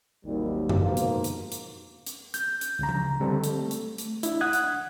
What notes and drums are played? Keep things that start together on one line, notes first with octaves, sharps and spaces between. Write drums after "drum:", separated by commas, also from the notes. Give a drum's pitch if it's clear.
G#1 D#2 D#3 F#3 G3
drum: tom F2
G#2 B2 D3 F3 A#3 F4
drum: hi-hat
drum: hi-hat
drum: hi-hat
drum: hi-hat
G6, drum: hi-hat
drum: hi-hat
C#2 C#3 A#5
drum: tom F3
D3 G3 C4 A4
drum: hi-hat
A3
drum: hi-hat
drum: hi-hat
D4 E4, drum: hi-hat
F#5 D#6 F#6 G#6
drum: hi-hat